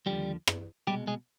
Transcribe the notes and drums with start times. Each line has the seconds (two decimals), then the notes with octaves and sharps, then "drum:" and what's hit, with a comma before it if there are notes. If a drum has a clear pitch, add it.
0.06 D#2 D3 F3 G3 G#3 G4
0.47 drum: rim click
0.87 C2 B2 G3 G#3 G4
1.07 G#3 G#4